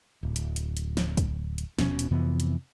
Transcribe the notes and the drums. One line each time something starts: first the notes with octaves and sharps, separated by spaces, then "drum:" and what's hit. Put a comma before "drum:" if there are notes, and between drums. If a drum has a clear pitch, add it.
D1
drum: hi-hat
drum: hi-hat
drum: hi-hat
drum: snare
drum: kick, hi-hat
drum: hi-hat
D#1 B2 C#4, drum: snare
drum: hi-hat
F2 C3 E3 B3
drum: hi-hat